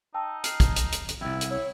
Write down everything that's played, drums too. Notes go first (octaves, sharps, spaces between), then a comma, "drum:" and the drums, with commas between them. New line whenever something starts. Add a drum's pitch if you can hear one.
D#4 G5 A5 E6
F6 C7, drum: hi-hat
drum: kick, hi-hat
drum: hi-hat
drum: hi-hat
drum: hi-hat
C2 F2 E4 G5
drum: hi-hat
E4 C#5